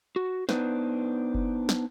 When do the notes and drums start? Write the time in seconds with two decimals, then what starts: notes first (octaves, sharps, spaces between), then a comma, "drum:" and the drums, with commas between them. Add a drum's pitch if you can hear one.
0.16 F#4
0.49 B3 D4 D#4 B4 C5, drum: snare
1.35 drum: kick F#1
1.69 drum: snare